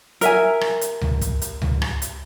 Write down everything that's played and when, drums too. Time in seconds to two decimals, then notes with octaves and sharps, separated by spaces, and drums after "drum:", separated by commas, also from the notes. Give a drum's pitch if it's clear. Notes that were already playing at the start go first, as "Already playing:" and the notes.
0.21 A#4 E5 G#5, drum: hi-hat
0.61 drum: rim click
0.81 drum: hi-hat
1.01 drum: tom C#2
1.21 drum: kick, hi-hat
1.42 drum: hi-hat
1.62 drum: tom C#2
1.82 drum: rim click
2.02 drum: hi-hat